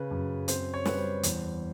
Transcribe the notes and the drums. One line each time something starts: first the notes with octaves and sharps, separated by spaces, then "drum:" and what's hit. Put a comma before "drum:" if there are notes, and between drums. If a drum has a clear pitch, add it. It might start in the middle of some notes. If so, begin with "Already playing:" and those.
Already playing: C#3 B4
F#2
C4 C5, drum: hi-hat
C#5
G3 B4, drum: snare
C5
E2, drum: hi-hat